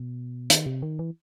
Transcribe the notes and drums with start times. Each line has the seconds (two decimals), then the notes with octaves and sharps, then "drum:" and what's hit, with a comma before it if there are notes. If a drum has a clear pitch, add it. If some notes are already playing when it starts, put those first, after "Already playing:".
Already playing: B2
0.50 D#3, drum: hi-hat
0.66 C3
0.82 D#3
0.99 E3